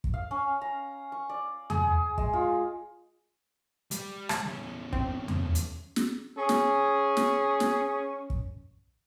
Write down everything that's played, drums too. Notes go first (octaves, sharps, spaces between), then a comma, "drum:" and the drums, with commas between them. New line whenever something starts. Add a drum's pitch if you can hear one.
drum: kick
F5
C#4
A#5
C#6
D5
G#4, drum: tom E2
G#3, drum: kick
F4
G3, drum: hi-hat
drum: rim click
E2 C#4
C4, drum: kick
drum: tom E2
drum: hi-hat
drum: snare
C#4 G#4
drum: snare
drum: snare
drum: snare
drum: kick